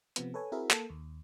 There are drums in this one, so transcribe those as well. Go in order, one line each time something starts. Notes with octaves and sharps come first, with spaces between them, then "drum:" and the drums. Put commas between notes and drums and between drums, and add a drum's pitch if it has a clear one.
C3 F3 B3, drum: hi-hat
A4 B4 C#5 G#5
C4 E4 F#4 G#4 A#4 E5
A#3 A4, drum: clap
D#2